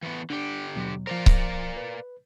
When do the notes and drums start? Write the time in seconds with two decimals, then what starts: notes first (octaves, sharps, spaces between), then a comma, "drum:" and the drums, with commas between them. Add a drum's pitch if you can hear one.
0.03 E3 A3 B3
0.30 D3 D4 G4
0.75 D#2 B2 F#3
1.07 F3 A#4 C5 D5 F5
1.26 drum: kick C#1
1.77 B4